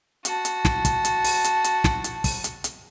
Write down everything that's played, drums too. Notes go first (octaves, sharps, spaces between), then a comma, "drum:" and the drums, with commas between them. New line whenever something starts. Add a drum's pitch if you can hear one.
F#4 A5, drum: hi-hat
drum: hi-hat
drum: snare
drum: kick, hi-hat
drum: hi-hat
drum: open hi-hat
drum: hi-hat
drum: hi-hat
drum: snare
drum: hi-hat
drum: kick, open hi-hat
drum: hi-hat
drum: hi-hat